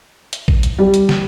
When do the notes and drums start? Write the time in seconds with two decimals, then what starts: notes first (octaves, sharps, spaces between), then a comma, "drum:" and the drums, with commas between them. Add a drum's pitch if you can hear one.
0.33 drum: hi-hat
0.48 drum: kick
0.63 drum: hi-hat
0.78 G3
0.94 drum: hi-hat
1.09 drum: snare